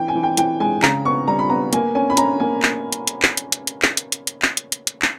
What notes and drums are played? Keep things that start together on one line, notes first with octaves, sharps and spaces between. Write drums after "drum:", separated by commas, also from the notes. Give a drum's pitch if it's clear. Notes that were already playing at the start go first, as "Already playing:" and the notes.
Already playing: E3 G5
G#5
E3
G5
E3 G5, drum: hi-hat
G#3 G#5
C#3 A#5, drum: clap
B3 C#6
G3 A#5
B5
B3 A#5
A#3 G#5, drum: hi-hat
C#4 G#5
B5
C#4 A#5, drum: hi-hat
A#3 G#5
drum: clap
drum: hi-hat
drum: hi-hat
drum: clap
drum: hi-hat
drum: hi-hat
drum: hi-hat
drum: clap
drum: hi-hat
drum: hi-hat
drum: hi-hat
drum: clap
drum: hi-hat
drum: hi-hat
drum: hi-hat
drum: clap